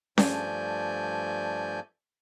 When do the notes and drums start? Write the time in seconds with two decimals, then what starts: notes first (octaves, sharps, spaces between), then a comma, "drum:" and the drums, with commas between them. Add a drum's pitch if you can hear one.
0.18 G2 F3 A3 D5 G#5 G6, drum: snare C#4